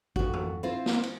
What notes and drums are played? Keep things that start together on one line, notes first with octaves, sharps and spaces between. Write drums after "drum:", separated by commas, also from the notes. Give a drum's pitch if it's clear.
F2 F#4, drum: kick
drum: tom
C4 E4 F4 C5
drum: snare
drum: cymbal